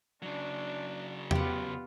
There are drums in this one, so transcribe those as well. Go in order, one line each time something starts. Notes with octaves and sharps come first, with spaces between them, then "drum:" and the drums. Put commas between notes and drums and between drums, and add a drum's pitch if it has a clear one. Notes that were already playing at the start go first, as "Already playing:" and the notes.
C#3 F#3 D4
B3 F4 G4 F#5, drum: tom E2